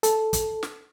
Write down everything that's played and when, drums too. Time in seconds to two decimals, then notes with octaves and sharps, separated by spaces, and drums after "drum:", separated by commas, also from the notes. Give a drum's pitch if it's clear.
0.03 A4, drum: hi-hat
0.33 drum: kick, hi-hat
0.63 drum: snare